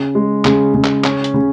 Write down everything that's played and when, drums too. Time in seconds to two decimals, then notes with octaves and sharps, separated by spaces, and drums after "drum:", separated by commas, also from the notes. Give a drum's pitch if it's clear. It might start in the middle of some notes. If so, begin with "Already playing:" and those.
Already playing: C#3
0.15 G#3
0.45 C#3, drum: clap
0.74 C#3
0.84 drum: clap
1.04 C#4, drum: clap
1.24 drum: hi-hat
1.34 C#3